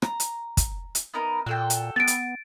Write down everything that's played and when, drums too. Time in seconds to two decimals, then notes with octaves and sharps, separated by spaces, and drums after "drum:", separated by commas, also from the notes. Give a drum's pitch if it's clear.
0.02 A#5, drum: rim click
0.20 drum: hi-hat
0.57 drum: kick, hi-hat
0.95 drum: hi-hat
1.14 B3 D#4 A#4
1.46 A#2 F#4 A4 G5
1.70 drum: hi-hat
1.96 B3 A6 D7
2.07 drum: hi-hat